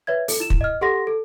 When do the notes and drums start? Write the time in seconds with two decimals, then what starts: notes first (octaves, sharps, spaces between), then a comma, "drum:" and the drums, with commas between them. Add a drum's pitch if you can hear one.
0.07 B4 C#5 E5 G#6
0.28 A4, drum: open hi-hat
0.40 E4 E7
0.50 drum: kick
0.61 D#5 F6
0.81 G4 A4 F#5 C6 A#6
1.07 A4